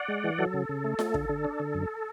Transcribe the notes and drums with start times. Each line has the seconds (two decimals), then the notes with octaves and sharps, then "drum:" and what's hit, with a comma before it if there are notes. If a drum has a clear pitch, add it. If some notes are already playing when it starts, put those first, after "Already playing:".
Already playing: D5 F#5
0.08 G#3
0.24 E3
0.38 F#3 A4
0.54 C#3
0.69 C#3
0.84 A3
0.99 A3, drum: snare F4
1.14 D3, drum: kick
1.29 D3
1.44 D4
1.60 D3
1.74 F#2